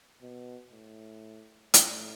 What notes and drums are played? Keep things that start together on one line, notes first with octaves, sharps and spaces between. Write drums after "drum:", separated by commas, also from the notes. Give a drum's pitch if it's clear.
B2
A2
A2, drum: hi-hat